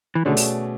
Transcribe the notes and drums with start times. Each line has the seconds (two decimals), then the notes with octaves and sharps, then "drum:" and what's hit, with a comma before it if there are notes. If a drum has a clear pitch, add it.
0.15 E3
0.25 B2 D3 A3 C#4 G#4 D5
0.37 drum: open hi-hat